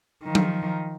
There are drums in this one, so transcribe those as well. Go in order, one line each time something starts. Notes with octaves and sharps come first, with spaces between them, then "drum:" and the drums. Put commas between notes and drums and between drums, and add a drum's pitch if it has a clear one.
D#3 F3
drum: tom F#3